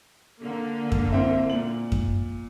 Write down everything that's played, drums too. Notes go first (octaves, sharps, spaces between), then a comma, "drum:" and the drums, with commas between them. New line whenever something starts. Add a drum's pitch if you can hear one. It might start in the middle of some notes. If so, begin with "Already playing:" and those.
D3 A#3
drum: kick F#2
C4 E4 E5
A#2 F#7
drum: kick F#2